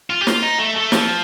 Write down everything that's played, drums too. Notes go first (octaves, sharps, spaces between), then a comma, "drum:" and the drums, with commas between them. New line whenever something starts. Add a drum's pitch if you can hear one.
F4
G4
F4, drum: snare
D#4
A3
A3
F3, drum: snare